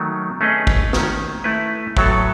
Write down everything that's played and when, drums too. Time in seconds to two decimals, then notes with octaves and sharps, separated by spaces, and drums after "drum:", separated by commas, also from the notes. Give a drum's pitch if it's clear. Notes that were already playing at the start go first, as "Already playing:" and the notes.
Already playing: D#3 F#3 A3
0.41 A3 C#4 G#4 B4 D#5
0.67 drum: kick
0.93 D#3 A3 C#4, drum: snare
1.44 A3 E4 B4
1.97 A2 F#3 B3 F#4 A4, drum: kick